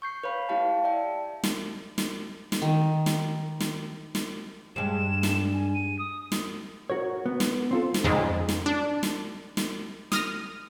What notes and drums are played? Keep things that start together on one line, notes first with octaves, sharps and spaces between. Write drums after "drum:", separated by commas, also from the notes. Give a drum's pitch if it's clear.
C#6 G6 C7
B4 C#5 F5 B5
A3 E4 G4 F5 G5 A5
D5 E5 G5 A5
drum: snare
drum: snare
drum: snare
D#3
drum: snare
drum: snare
drum: snare
G2 G#3 E7
drum: snare
G#5
D#7
D#6
drum: snare
F#4 A#4 C#5
B3
drum: snare
C4 F4 A4
drum: snare
F2 G#2 C#3 G#3
drum: snare
D4
drum: snare
drum: snare
D#6 F6 A#6, drum: snare